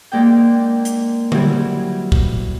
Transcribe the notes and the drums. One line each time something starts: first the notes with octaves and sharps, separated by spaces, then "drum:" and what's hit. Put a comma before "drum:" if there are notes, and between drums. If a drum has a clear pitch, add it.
G#2 A#3 D4 G5
drum: hi-hat
F#3 G3 C4 E4, drum: tom D3
drum: kick